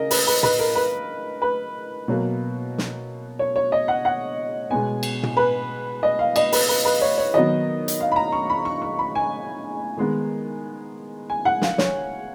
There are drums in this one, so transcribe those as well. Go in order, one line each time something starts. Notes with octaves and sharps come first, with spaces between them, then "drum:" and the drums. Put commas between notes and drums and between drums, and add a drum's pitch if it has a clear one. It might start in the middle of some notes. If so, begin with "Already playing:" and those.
Already playing: C#3 A#4 D#5
B4, drum: open hi-hat
B4
B4, drum: tom
A#4
B4
B4
B2 F#3 A#3
drum: snare
C#5
C#5
D#5
F#5
F#5
B2 G#3 B3 G#5
drum: cymbal
drum: tom
B4
D#5
F5
D#5, drum: cymbal
B4, drum: open hi-hat
B4
B4
C#5
C#5
D#3 F#3 B3 D#5
drum: hi-hat
F5
B5
A#5
C#6
B5
C#6
C#6
B5
G#5
D#3 G#3 B3
G#5
F#5
F5, drum: snare
C#5, drum: snare